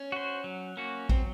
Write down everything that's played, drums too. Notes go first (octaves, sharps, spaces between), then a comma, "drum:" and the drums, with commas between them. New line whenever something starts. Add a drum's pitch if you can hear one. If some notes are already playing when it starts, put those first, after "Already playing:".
Already playing: C#4
F#4 C5
F#3
A#3 C#4 F#4
F#3 C4, drum: kick